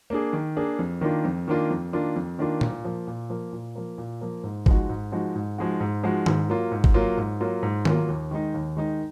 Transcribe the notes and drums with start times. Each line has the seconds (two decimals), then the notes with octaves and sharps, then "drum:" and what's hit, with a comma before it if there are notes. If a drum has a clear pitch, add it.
0.10 A#3 D4 G#4
0.33 D#3
0.56 A#3 D4 G#4
0.79 F2
1.01 D#3 A#3 D4 F4
1.25 F2
1.48 D#3 A#3 D4 F4
1.70 F2
1.93 D#3 A#3 D4 F4
2.16 F2
2.39 D#3 A#3 D4 F4
2.61 A#2, drum: tom A#2
2.85 F3 A#3
3.07 A#2
3.30 F3 A#3
3.53 A#2
3.75 F3 A#3
3.98 A#2
4.21 F3 A#3
4.44 G#2
4.66 F3 G#3 D#4 F#4, drum: kick G#1
4.89 G#2
5.12 F3 G#3 D#4 F#4
5.35 G#2
5.58 F3 G#3 D#4 F#4
5.80 G#2
6.03 F3 G#3 D#4 F#4
6.26 G#2, drum: tom D#3
6.49 F#3 A#3 F4
6.71 G#2
6.84 drum: kick G#1
6.94 F#3 A#3 F4
7.18 G#2
7.40 F#3 A#3 F4
7.63 G#2
7.85 F#3 A#3 F4, drum: tom D#3
8.09 D#2
8.31 D#3 G#3 D#4
8.54 D#2
8.76 D#3 G#3 D#4